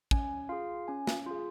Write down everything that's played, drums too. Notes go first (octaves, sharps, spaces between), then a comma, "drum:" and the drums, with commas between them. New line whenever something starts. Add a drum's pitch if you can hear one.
C#4 G#5, drum: kick
F4 G#4 F5
C#4 G#5
drum: snare
F4 G#4